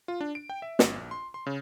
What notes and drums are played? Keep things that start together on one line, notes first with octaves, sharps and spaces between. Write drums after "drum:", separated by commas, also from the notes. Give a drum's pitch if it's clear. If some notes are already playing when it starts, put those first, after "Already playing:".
F4
D4
D7
G5
E5
G1, drum: snare
A#1
C6
C6
C#3